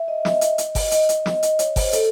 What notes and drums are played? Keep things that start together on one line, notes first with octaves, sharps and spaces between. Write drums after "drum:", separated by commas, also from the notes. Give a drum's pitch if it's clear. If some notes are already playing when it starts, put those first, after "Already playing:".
Already playing: E5
D#5
D#5, drum: snare
drum: hi-hat
drum: hi-hat
drum: kick G1, open hi-hat
D#5, drum: hi-hat
drum: hi-hat
drum: snare
drum: hi-hat
C#5, drum: hi-hat
C5, drum: kick G1, open hi-hat
A4, drum: hi-hat